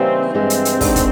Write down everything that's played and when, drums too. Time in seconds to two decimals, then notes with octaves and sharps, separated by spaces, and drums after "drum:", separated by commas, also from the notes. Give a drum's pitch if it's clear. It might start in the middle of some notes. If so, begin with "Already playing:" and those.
Already playing: C#3 E3 G3 A#3 C4 D#4
0.34 G2 E3 G#3 C4
0.50 drum: hi-hat
0.65 drum: hi-hat
0.81 C3 D#3 G#3 B3 D4, drum: kick, open hi-hat
0.96 drum: kick, hi-hat